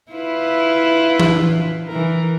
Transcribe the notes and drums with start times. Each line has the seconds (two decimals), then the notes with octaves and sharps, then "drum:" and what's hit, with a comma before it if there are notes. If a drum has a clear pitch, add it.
0.11 E4 F4 B4
1.20 drum: tom E3
1.88 E3 A#4